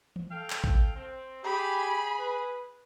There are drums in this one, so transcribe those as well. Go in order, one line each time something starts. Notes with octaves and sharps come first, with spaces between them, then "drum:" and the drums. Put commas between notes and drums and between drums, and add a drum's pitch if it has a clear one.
drum: tom E3
A4 F5 G5
drum: clap
drum: kick A1
C4
G4 G#4 B5
B4